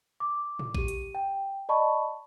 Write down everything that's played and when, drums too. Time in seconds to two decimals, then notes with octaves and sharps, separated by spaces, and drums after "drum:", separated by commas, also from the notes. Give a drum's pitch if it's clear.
0.20 D6
0.59 drum: tom A2
0.75 G4 D#7, drum: kick A1
0.88 drum: hi-hat
1.15 G5
1.69 D5 D#5 A5 B5 C#6